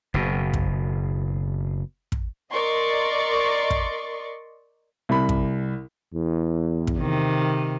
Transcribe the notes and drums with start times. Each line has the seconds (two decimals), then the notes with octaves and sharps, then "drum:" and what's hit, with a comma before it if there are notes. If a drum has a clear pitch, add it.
0.14 F#1 B2
0.54 drum: kick
2.12 drum: kick
2.52 A#4 D5 D#5 C6 C#6
3.70 drum: kick
5.09 C2 B5
5.29 drum: kick
6.14 E2
6.87 drum: kick
6.98 C3 D#3